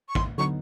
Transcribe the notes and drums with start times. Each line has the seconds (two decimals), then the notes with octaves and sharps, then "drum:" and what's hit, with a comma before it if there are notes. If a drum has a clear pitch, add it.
0.09 C#6
0.15 C6, drum: kick
0.38 D3 F#3 B3 D#4 C#6